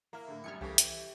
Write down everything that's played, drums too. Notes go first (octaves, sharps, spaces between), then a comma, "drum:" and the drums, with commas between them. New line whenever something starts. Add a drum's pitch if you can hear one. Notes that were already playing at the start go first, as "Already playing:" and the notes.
A#3 E4 A#5 F6
A2 D3
G#1 F#2 G3 F6 G#6 C#7
C2 C#3 E3 A3 G4
E3, drum: hi-hat